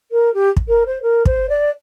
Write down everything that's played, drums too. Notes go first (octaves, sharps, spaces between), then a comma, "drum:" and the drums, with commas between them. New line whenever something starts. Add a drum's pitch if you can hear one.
A#4
G4
drum: kick
A#4
C5
A#4
C5, drum: kick
D5